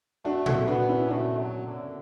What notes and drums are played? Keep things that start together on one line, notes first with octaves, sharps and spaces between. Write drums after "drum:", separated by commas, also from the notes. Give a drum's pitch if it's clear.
A3 D4 F#4
F#4 A4, drum: tom A#2
B3 D4 F#4
C#4 E4
A3 D4 F#4
F#3
D3